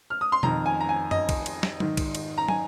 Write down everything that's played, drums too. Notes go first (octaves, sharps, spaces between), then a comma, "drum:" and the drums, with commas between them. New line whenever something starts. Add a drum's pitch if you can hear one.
F6
D#6
C6
F2 D#3 A#5, drum: tom B2
G#5
A#5
G#5
D#5, drum: tom F#2
drum: kick B1, cymbal
drum: cymbal
drum: snare
G#2 D#3, drum: tom
drum: kick B1, cymbal
drum: cymbal
A#5
G#5, drum: tom